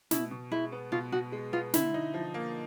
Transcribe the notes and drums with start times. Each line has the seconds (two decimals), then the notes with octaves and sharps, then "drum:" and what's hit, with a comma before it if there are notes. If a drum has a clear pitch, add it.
0.11 B2 E4, drum: snare
0.31 B2
0.52 G#3 E4
0.72 B3
0.92 B2 F4
1.12 B2 F#4
1.32 G#3
1.53 B3 F4
1.74 D3 E4, drum: snare
1.94 D#4
2.14 F3
2.34 A#3